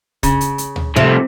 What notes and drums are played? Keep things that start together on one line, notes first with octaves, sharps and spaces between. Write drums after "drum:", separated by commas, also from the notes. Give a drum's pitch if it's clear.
C#3, drum: kick, hi-hat
drum: hi-hat
drum: hi-hat
drum: tom D2
C3 F3 A3 E5